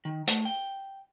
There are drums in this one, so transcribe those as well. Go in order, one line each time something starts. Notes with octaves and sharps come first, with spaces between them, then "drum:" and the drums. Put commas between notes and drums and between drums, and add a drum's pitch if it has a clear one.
D#3
A3, drum: hi-hat
G5